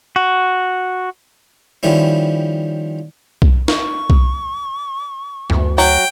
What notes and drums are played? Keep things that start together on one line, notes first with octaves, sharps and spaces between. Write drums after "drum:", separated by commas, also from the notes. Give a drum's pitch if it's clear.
F#4
D#3 F3 G3 C#4 E4
drum: kick B1
C#6, drum: snare
drum: kick B1
D2, drum: tom
F#3 G5